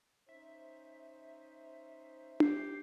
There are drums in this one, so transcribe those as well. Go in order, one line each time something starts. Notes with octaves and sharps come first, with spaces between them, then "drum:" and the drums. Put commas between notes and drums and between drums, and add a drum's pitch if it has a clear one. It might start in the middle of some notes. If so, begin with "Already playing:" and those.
C#4 D#4 C5 E5
G4 C7, drum: tom D4